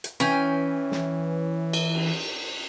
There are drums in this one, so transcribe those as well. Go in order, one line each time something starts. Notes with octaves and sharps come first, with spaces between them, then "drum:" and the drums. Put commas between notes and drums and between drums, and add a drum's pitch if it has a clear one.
drum: hi-hat
E3 C#4 G5 G#5
drum: snare
drum: cymbal
drum: cymbal